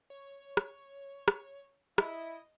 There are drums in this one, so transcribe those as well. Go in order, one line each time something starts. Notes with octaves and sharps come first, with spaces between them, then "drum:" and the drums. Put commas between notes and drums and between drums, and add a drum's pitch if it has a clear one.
C#5
drum: rim click
drum: rim click
E4 D#5, drum: rim click